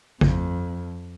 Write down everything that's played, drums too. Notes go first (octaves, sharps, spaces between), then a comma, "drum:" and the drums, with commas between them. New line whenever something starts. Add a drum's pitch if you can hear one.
F2, drum: kick